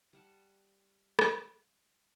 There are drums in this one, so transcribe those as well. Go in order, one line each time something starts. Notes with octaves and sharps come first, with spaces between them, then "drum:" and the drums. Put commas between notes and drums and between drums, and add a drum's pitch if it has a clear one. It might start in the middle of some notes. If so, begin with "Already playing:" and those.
G3 F#5 A5
drum: rim click